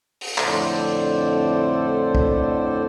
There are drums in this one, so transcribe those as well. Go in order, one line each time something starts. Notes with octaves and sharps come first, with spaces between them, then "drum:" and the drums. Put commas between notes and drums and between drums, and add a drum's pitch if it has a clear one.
drum: open hi-hat
F2 A2 D3 A4 C5 D5, drum: clap
drum: kick